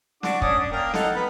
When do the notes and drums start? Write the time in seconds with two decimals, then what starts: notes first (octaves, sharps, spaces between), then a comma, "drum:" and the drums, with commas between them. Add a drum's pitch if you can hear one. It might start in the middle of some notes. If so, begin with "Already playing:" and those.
0.23 D4 F#4 D6, drum: snare
0.42 C#4 D4 D#6, drum: kick
0.59 D4
0.72 A#3 A#4 G5
0.94 D#4 A4 F#5, drum: snare
1.15 B3 B5